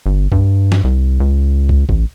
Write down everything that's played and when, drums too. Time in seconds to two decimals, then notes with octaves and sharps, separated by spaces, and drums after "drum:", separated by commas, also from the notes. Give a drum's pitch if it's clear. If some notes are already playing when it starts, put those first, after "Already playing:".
0.06 G1
0.32 G2, drum: kick
0.72 drum: snare
0.84 C2
1.20 C#2
1.69 drum: kick
1.89 A1, drum: kick